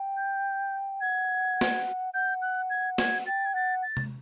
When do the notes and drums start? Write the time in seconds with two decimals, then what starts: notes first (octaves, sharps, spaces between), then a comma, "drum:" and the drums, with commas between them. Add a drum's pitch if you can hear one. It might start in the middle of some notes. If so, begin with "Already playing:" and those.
Already playing: G5
0.17 G6
1.01 F#5 G#6
1.61 drum: snare
2.14 F#5 G6
2.42 F#6
2.70 G#6
2.98 G#6, drum: snare
3.26 G5 A6
3.46 G#6
3.54 F#5 A6
3.83 A6
3.97 drum: tom C3